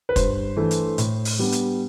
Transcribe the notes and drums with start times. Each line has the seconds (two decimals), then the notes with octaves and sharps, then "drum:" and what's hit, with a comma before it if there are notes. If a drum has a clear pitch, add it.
0.09 B4
0.16 G2 C5, drum: kick, hi-hat
0.56 E3 A3 D4
0.71 drum: hi-hat
0.98 A2, drum: hi-hat
1.25 drum: open hi-hat
1.39 G3 B3 D4
1.52 drum: hi-hat